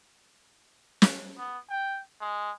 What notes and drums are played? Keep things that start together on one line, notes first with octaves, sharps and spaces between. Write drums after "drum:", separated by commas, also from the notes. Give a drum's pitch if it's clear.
drum: snare
B3
G5
G#3